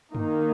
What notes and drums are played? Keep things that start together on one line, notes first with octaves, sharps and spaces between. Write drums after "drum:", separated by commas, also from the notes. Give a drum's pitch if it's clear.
D#3 A#3 D#4, drum: tom